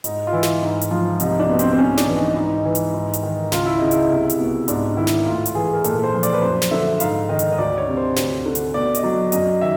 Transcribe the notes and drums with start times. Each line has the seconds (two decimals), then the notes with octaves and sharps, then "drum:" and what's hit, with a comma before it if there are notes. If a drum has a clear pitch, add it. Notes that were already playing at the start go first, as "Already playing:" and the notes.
0.04 G#2 D#4, drum: hi-hat
0.27 F4
0.33 E3 E4
0.43 drum: snare
0.62 G#2
0.81 drum: hi-hat
0.91 F3 F4
1.20 C2 D#4, drum: hi-hat
1.40 D4
1.49 B2
1.59 C4, drum: hi-hat
1.72 C4
1.78 G#2 C#4
1.97 D4, drum: snare
2.07 E3
2.17 D#4
2.36 G#2 D#4
2.65 E3
2.75 drum: hi-hat
2.94 G#2
3.14 drum: hi-hat
3.23 D#3
3.52 C#2 F4, drum: snare
3.66 E4
3.78 C#3 D#4
3.91 E4, drum: hi-hat
4.11 C2
4.30 drum: hi-hat
4.40 B2
4.68 G#2 D4, drum: hi-hat
4.97 D#3 E4
5.07 drum: snare
5.26 A2 F4
5.46 drum: hi-hat
5.55 E3 G#4
5.73 A#4
5.84 A#2 A4, drum: hi-hat
6.04 C5
6.14 F3
6.23 D5, drum: hi-hat
6.33 B4
6.42 F#2 C5
6.62 drum: snare
6.71 D3 E5
7.00 G#2 F5, drum: hi-hat
7.29 D#3 D#5
7.39 drum: hi-hat
7.52 D#5
7.58 D2 D5
7.78 C#5
7.88 C3
7.97 C5
8.16 D2, drum: snare
8.46 D3
8.55 drum: hi-hat
8.74 B2 D5
8.95 D#5, drum: hi-hat
9.03 F#3 D5
9.32 F#2 D#5, drum: hi-hat
9.61 D#3 E5